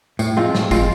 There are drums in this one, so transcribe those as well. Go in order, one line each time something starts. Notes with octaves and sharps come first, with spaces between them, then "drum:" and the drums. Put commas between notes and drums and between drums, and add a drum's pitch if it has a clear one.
A2, drum: tambourine
F3 G#3 C4 F4
A2, drum: snare
F3 G#3 C4 F4, drum: kick, tambourine